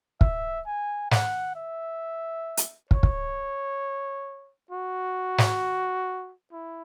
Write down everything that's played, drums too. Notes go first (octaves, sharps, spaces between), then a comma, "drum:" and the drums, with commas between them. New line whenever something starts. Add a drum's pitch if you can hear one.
E5, drum: kick
G#5
F#5, drum: snare
E5
drum: hi-hat
C#5, drum: kick
drum: kick
F#4
drum: snare
E4